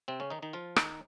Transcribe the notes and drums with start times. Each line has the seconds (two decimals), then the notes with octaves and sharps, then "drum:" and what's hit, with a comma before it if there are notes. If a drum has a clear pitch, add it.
0.08 C3 C4
0.20 C#3 C#4
0.30 D#3 D#4
0.42 D#3 D#4
0.53 F3 F4
0.76 D#3 D#4, drum: rim click